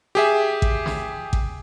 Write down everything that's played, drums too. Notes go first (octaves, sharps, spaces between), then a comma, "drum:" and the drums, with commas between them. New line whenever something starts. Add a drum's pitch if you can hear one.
G4 G#4 E5
drum: kick A1
drum: snare
drum: kick A1